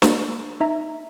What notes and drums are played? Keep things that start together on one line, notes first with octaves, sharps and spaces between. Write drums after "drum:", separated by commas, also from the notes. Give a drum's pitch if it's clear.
A#3, drum: snare
D#4 E5 A#5